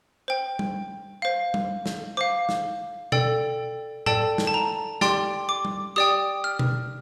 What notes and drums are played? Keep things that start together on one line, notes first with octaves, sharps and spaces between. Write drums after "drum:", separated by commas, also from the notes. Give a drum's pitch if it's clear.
C5 G5
drum: tom G3
C5 F5
drum: tom G3
drum: snare
C5 F5 D6
drum: snare
A4 D5 G5, drum: tom B2
A4 D5 G5 A5, drum: tom A2
drum: snare
A5
A#5
G4 D5 G5 C6, drum: snare
D6
drum: tom G3
G4 D5 G5 D#6
F6
drum: tom B2